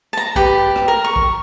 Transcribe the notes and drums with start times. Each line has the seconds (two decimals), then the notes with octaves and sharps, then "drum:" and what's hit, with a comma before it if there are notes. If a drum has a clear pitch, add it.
0.13 A5 A#5
0.36 G4 B4 G5, drum: kick
0.76 drum: rim click
0.88 A#4
1.04 C#6
1.16 drum: kick